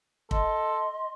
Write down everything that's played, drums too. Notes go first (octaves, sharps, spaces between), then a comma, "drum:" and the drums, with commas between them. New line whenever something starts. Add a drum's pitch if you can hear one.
A4 D#5 C6, drum: kick